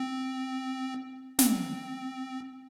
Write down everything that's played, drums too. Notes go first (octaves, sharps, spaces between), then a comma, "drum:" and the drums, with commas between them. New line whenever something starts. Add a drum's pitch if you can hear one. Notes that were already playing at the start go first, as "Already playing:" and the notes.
Already playing: C4
C4, drum: snare